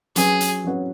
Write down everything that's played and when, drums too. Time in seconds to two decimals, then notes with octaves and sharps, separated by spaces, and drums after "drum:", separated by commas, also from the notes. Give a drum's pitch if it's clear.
0.16 F#3 C#4 F#4 G#4 B4, drum: hi-hat
0.41 drum: hi-hat
0.64 F#3 C#4 F#4 B4